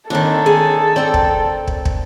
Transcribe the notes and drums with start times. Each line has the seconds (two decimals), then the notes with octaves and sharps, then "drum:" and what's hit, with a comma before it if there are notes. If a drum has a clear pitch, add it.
0.10 D#2 D#3 C4 D4 A4
0.46 G#4
0.96 C4 D5 G5
1.14 drum: kick
1.67 drum: kick
1.85 drum: kick